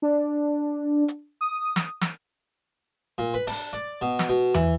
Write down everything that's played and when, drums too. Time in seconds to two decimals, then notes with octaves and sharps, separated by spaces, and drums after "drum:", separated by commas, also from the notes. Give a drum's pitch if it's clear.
0.02 D4
1.08 drum: hi-hat
1.41 D#6
1.76 drum: snare
2.01 drum: snare
3.18 A#2
3.34 B4
3.47 D4, drum: open hi-hat
3.73 D5
4.01 B2
4.19 drum: snare
4.29 B2
4.54 E3, drum: tom E2